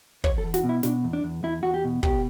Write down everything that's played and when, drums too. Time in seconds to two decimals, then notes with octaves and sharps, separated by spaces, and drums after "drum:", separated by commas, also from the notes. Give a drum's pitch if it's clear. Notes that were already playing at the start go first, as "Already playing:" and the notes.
0.24 E2 C#5, drum: kick
0.38 A4
0.44 E2
0.54 F#4, drum: snare
0.63 B2
0.69 E4
0.83 B2 D4, drum: snare
1.04 E2
1.13 D4
1.24 E2
1.44 E2 E4
1.63 E2 F#4
1.74 G4
1.84 B2
2.03 B2 G4, drum: kick